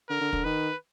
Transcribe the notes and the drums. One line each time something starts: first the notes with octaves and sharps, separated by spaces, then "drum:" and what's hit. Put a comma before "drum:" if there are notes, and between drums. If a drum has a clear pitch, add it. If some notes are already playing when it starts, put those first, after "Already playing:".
D3 A#4
D3
D3, drum: kick
D#3 B4